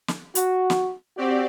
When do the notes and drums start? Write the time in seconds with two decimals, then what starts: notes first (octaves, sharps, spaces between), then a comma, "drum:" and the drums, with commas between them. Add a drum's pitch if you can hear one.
0.08 drum: snare
0.35 F#4, drum: hi-hat
0.70 drum: snare
1.17 C4 F#4 G4 D5